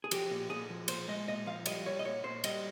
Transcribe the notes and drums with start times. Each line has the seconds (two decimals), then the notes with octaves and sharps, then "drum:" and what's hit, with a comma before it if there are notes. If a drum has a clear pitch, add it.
0.04 G#4
0.11 F3 G4, drum: cymbal
0.31 A#2
0.50 A#2 G#4
0.70 F3
0.88 A#2 C5, drum: cymbal
1.08 G#3 D#5
1.28 A#2 D#5
1.46 F3 F5
1.66 G3 D#5, drum: cymbal
1.86 G3 C#5
1.99 D#5
2.05 A#2 C#5
2.24 A#2 C5
2.44 G3 D#5, drum: cymbal